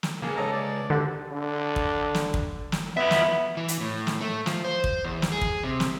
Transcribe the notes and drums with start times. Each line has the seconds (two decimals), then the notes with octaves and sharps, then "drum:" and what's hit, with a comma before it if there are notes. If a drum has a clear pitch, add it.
0.03 drum: snare
0.22 C#2 A#3 G#4
0.36 C#4 A4 D#5 A5 A#5
0.52 D5
0.90 D3 F#4 G4
1.32 D3
1.76 drum: kick
2.14 drum: snare
2.34 drum: kick
2.72 drum: snare
2.97 B3 F4 E5
3.11 drum: snare
3.57 E3
3.68 drum: hi-hat
3.81 A2
4.07 drum: snare
4.21 A3
4.46 F3, drum: snare
4.64 C5
4.84 drum: kick
5.05 E2
5.22 drum: snare
5.32 G#4
5.41 drum: kick
5.64 C3
5.80 drum: snare